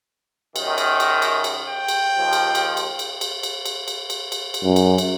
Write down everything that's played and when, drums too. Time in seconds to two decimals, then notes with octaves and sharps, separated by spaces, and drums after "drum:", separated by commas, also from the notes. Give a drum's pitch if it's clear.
0.56 F#2 D#3, drum: cymbal
0.78 drum: cymbal
1.00 drum: cymbal
1.22 drum: cymbal
1.44 drum: cymbal
1.69 G5
1.88 drum: cymbal
2.17 D#2 F3
2.33 drum: cymbal
2.55 drum: cymbal
2.77 drum: cymbal
2.99 drum: cymbal
3.21 drum: cymbal
3.43 drum: cymbal
3.66 drum: cymbal
3.88 drum: cymbal
4.10 drum: cymbal
4.32 drum: cymbal
4.54 drum: cymbal
4.63 F#2
4.76 drum: cymbal
4.98 drum: cymbal